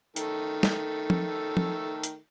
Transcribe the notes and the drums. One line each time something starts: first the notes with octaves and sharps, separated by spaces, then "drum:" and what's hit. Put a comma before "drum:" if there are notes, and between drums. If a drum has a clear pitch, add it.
D#3 A3 A4, drum: hi-hat
drum: snare
drum: tom F3
drum: tom F3
drum: hi-hat